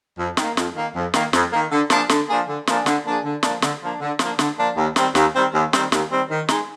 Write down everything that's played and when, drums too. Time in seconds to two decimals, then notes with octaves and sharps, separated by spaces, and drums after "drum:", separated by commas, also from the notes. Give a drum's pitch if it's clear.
0.18 F2
0.37 D#3 A#3, drum: snare
0.57 F2, drum: snare
0.75 D#3 A#3
0.95 F2
1.14 D#3 A#3, drum: snare
1.33 F2, drum: snare
1.51 D#3 A#3
1.71 D3
1.90 F3 A#3 D4 G#4, drum: snare
2.09 D3, drum: snare
2.29 F3 A#3 D4 G#4
2.48 D3
2.67 F3 A#3 D4 G#4, drum: snare
2.86 D3, drum: snare
3.06 F3 A#3 D4 G#4
3.24 D3
3.43 F3 A#3 D4, drum: snare
3.62 D3, drum: snare
3.82 F3 A#3 D4
4.01 D3
4.19 F3 A#3 D4, drum: snare
4.39 D3, drum: snare
4.58 F3 A#3 D4
4.77 D#2
4.96 D#3 G3 C4, drum: snare
5.15 D#2, drum: snare
5.35 D#3 G3 C4
5.53 D#2
5.73 D#3 G3 C4, drum: snare
5.92 D#2, drum: snare
6.10 D#3 G3 C4
6.30 D#3
6.48 G#3 D#4, drum: snare